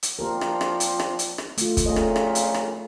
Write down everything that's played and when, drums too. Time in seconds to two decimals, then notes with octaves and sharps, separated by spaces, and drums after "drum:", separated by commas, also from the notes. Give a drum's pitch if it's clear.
0.03 drum: hi-hat
0.19 F3 A#3 C4 D4 G4 A#4
0.41 drum: rim click
0.61 drum: rim click
0.80 drum: hi-hat
0.99 drum: rim click
1.19 drum: hi-hat
1.38 drum: rim click
1.58 A3 F4, drum: hi-hat
1.77 drum: kick, hi-hat
1.86 F2 A#2 C#3 A3 D#5
1.96 drum: rim click
2.16 drum: rim click
2.35 drum: hi-hat
2.54 drum: rim click